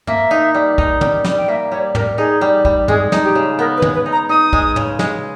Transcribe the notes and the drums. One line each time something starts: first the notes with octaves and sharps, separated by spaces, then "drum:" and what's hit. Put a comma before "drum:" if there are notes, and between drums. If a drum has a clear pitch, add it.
A#3 E5, drum: tom
D#4
G3
D#4, drum: kick
G3, drum: tom
G3, drum: snare
G5
A#3 E5
G3 C#5
G3 A#4, drum: tom
D#4 G#4
G3
G3, drum: kick
G#3 G#4, drum: tom
D#4, drum: snare
G4
C#3
B3 A#4
B4
G#3, drum: tom
B4
D#4
A#5
D#4 D#6
G#3, drum: kick
C#3, drum: tom
G#3, drum: snare